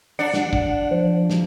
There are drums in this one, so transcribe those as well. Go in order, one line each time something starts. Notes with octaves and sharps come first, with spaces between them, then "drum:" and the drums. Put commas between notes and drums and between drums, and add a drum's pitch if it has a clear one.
D4 F#5
drum: snare
drum: kick
F3
drum: snare